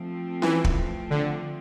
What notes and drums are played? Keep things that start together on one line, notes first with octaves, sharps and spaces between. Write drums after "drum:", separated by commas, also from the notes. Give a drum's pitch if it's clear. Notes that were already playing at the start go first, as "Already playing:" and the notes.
Already playing: F3 A3 C4
E3, drum: snare C#4
drum: kick
D3